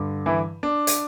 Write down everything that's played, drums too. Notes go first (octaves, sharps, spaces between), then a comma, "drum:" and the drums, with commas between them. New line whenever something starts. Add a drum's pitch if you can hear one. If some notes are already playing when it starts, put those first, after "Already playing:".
Already playing: G2 D3
E3 E4
D4
drum: hi-hat